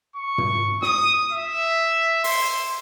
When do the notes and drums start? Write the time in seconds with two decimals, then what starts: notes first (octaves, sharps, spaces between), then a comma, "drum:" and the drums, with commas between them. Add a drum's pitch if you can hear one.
0.16 C#6
0.38 drum: tom
0.82 D#6, drum: snare
1.32 E5
2.24 C6, drum: open hi-hat